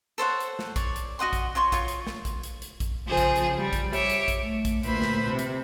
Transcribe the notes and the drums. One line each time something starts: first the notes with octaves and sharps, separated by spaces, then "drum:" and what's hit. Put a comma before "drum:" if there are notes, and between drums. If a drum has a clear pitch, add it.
A4 C5 C#5 F#5
drum: hi-hat
drum: snare
C#5 D5, drum: kick A#1, hi-hat
drum: hi-hat
F#4 D#5 F#5 C6
drum: kick A#1, hi-hat
F4 C#5 C6 C#6
F4 C#5 C#6, drum: kick A#1, hi-hat
drum: hi-hat
drum: snare
drum: kick A#1, hi-hat
drum: hi-hat
drum: hi-hat
drum: kick A#1, hi-hat
C#3 F3 G#4 C5
drum: kick A#1, hi-hat
drum: hi-hat
G3
drum: kick A#1, hi-hat
C#5 E5 D6, drum: hi-hat
drum: hi-hat
drum: kick A#1, hi-hat
A3
drum: kick A#1, hi-hat
D2 A#2 B4 C5 E5 B5, drum: hi-hat
drum: snare
C3
drum: hi-hat